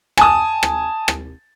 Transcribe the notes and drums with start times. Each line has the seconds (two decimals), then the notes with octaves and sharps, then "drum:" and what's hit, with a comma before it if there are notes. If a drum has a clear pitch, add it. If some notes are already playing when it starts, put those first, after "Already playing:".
0.17 G#5 A5 D#6, drum: rim click
0.63 drum: rim click
1.08 drum: rim click